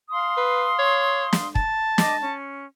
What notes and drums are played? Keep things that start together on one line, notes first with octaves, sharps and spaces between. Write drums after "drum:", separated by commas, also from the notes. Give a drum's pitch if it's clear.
F5 C6 D#6
B4
C#5
drum: snare
A5, drum: kick
D#5 D6, drum: snare
C#4